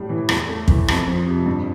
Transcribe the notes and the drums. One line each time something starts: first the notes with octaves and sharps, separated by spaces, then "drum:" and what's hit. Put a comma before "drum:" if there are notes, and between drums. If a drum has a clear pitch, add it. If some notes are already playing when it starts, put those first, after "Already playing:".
Already playing: A2 G3
E3
E2, drum: rim click
A3
E3, drum: kick
F2, drum: rim click
F3
C3
G2